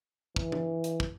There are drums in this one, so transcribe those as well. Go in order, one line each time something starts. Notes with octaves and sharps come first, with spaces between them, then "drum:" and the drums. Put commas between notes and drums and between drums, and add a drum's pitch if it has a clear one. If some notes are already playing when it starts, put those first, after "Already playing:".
E3, drum: kick
drum: tom E3
drum: hi-hat
drum: kick